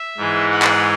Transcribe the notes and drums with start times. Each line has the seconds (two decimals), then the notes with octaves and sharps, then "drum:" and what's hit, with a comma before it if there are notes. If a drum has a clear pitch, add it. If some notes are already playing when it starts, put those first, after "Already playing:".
Already playing: E5
0.17 G#2 E3 G#3
0.51 F#5
0.62 drum: clap